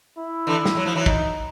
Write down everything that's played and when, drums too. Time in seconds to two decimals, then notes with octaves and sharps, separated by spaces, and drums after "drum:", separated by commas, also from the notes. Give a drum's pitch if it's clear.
0.18 E4
0.47 D3 E3
0.66 drum: snare
0.77 F#3
0.86 F3
0.95 E3 F#3
1.06 D#4, drum: kick